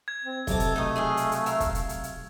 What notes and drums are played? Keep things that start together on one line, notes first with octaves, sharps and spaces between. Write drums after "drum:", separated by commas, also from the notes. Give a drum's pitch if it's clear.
G#6
C4
B1 C3 A4 D6, drum: kick, hi-hat
drum: hi-hat
A3 D#4 D#6
G#4 D#5 F5
drum: hi-hat
drum: hi-hat
A#4 E5 F5, drum: hi-hat
drum: kick, hi-hat
drum: hi-hat
drum: hi-hat
drum: hi-hat